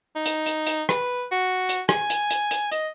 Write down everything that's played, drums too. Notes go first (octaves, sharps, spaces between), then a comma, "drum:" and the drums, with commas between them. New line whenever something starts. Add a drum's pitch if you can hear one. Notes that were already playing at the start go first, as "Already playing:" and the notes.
D#4
drum: hi-hat
drum: hi-hat
drum: hi-hat
B4, drum: rim click
F#4
drum: hi-hat
G#5, drum: rim click
drum: hi-hat
drum: hi-hat
drum: hi-hat
D#5, drum: hi-hat